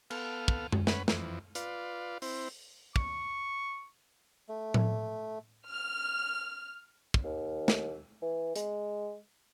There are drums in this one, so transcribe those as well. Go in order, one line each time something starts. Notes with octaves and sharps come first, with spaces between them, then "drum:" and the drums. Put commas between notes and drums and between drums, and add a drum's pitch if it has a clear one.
B3 A4 F5 F6, drum: cymbal
drum: kick
drum: tom F#2
C#4 B4 F#5 B5, drum: snare
F2 E3, drum: snare
F4 B4 D5 F5, drum: hi-hat
C4 E4 C5, drum: open hi-hat
C#6, drum: kick
A3
drum: tom A2
F6
drum: kick
D#2
drum: snare
E3
G#3, drum: hi-hat